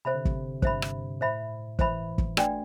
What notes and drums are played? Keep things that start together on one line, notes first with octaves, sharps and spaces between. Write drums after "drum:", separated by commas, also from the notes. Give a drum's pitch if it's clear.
C3 C5 E5 B5
D3
C3, drum: kick
G2 C5 E5 B5, drum: kick
drum: rim click
A2 C5 E5 B5
E3 C5 E5 B5, drum: kick
drum: kick
A3 D4 F#4 B4 D5 G5, drum: rim click